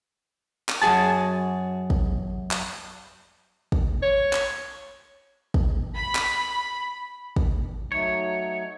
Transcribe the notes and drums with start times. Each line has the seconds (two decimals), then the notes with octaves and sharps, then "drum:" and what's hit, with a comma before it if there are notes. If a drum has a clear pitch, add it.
0.69 drum: clap
0.82 F#2 F#4 G#4 G#5 A5
1.90 drum: kick
2.51 drum: clap
3.72 drum: kick
4.03 C#5
4.33 drum: clap
5.54 drum: kick
5.95 B5
6.15 drum: clap
7.36 drum: kick
7.92 F#3 A3 D#4 C#5